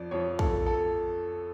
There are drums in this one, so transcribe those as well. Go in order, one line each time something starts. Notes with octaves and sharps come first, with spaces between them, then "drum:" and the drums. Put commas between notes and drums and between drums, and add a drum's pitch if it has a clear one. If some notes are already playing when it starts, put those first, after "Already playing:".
Already playing: F2 F3 D5
F2 F3 C#5
A4, drum: kick
A4